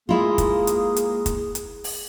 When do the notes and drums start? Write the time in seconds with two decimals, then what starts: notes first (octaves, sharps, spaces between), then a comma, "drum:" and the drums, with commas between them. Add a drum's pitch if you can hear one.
0.09 G#3 A#3 E4 F4 G#4
0.38 drum: kick, hi-hat
0.67 drum: hi-hat
0.96 drum: hi-hat
1.26 drum: kick, hi-hat
1.55 drum: hi-hat
1.84 drum: open hi-hat